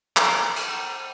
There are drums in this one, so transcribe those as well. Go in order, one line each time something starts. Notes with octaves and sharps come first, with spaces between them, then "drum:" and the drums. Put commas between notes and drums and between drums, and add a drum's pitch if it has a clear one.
A#4, drum: clap
drum: cymbal